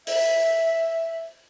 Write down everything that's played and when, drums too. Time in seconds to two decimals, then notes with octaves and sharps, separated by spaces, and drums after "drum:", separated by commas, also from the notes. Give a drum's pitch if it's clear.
0.07 E5, drum: open hi-hat